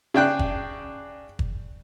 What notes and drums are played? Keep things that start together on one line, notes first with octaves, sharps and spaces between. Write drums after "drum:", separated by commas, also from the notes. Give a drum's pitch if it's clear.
C#3 D4 G5 F#6
drum: kick
drum: kick